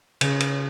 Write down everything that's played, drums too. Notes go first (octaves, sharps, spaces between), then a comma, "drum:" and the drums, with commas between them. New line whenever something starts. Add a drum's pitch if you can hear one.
C#3, drum: cymbal
drum: cymbal